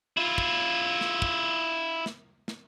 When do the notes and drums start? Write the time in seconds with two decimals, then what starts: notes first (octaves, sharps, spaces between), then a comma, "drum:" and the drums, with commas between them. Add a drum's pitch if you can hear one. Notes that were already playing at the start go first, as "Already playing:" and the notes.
0.17 E4 F4
0.38 drum: kick
1.01 drum: snare
1.22 drum: kick
2.06 drum: snare
2.48 drum: snare